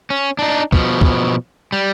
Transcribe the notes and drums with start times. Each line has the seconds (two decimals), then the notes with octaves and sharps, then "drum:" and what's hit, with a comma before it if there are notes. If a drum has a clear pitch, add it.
0.10 C#4
0.39 D4 D#4
0.72 B2 F3, drum: kick
1.01 drum: kick
1.72 G3